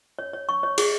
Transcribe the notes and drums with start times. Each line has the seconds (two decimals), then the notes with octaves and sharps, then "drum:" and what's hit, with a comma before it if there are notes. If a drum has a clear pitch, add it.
0.19 C#5
0.33 C#5
0.49 C#6
0.63 C#5
0.78 G#4, drum: cymbal